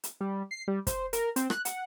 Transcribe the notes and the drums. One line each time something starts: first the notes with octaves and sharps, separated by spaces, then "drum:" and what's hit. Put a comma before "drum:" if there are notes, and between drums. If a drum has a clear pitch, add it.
drum: hi-hat
G3
C7
G3
C5, drum: kick, hi-hat
A#4, drum: hi-hat
C4, drum: hi-hat
F#6, drum: rim click
F#5, drum: hi-hat